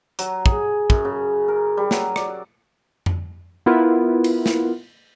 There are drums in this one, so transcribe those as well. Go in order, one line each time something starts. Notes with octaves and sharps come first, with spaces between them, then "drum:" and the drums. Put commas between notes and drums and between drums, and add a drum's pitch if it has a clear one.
F#3, drum: hi-hat
G#4, drum: kick
F#2, drum: kick
C#3
A#4
G3
F#3, drum: snare
D5, drum: rim click
drum: tom F2
B3 E4 F4 A#4 B4
drum: cymbal
drum: snare